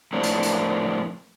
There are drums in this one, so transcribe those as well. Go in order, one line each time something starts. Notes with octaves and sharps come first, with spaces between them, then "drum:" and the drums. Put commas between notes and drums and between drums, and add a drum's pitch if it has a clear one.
F2 A2 A3 A#3 C4 D4
drum: hi-hat
drum: hi-hat